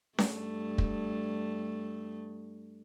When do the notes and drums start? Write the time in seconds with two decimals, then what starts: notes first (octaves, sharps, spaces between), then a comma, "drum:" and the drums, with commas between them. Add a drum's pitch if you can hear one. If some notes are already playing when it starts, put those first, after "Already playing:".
0.18 G2 A3, drum: snare C#4
0.78 drum: kick